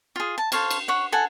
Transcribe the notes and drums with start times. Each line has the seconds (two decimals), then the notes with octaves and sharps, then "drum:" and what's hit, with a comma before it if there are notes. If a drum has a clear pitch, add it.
0.16 F4 G#4
0.38 A5
0.52 A4 C5 C#5 F5, drum: cymbal
0.71 drum: cymbal
0.88 C#5 F#5
1.12 A4 F#5 G#5